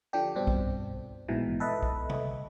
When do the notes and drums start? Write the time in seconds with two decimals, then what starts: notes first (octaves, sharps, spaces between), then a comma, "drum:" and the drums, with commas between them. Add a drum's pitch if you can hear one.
0.13 D3 F3 D4 G4
0.35 G2 B2 C4 D4
0.47 drum: kick
1.28 A#1 G#2 B2 E3
1.60 A4 B4 D#5 E5
1.83 drum: kick
2.10 drum: tom C3